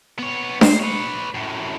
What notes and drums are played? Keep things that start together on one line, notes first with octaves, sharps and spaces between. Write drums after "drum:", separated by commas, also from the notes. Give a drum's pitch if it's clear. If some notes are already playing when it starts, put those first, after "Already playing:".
B3 C#5
C5, drum: snare D4
B4 C#5
F#2 A2